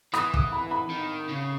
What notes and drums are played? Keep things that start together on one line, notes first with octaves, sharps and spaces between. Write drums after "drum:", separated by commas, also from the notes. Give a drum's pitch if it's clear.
E3 D#6, drum: rim click
D#6, drum: kick
B5
B5
D#3
C#3